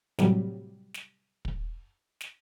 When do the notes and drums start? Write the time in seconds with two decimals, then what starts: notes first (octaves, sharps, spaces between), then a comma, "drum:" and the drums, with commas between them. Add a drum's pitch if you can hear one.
0.19 A2 C3 F#3 G3, drum: snare
0.94 drum: snare
1.45 drum: kick
2.21 drum: snare